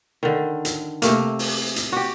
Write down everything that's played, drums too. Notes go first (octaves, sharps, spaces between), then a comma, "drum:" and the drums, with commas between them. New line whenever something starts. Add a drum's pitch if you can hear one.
D3 D#3
drum: hi-hat
C3 A3 A#3, drum: hi-hat
drum: open hi-hat
drum: hi-hat
F#4 G4